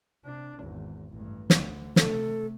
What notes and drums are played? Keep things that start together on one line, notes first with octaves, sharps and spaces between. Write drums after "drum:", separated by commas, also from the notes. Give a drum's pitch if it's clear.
C3 D4
G#1 E2
A1 G2
D2 D3, drum: snare
C3 A3 A4, drum: snare